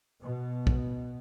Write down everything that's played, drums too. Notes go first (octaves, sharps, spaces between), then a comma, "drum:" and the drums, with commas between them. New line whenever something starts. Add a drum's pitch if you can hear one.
B2
drum: kick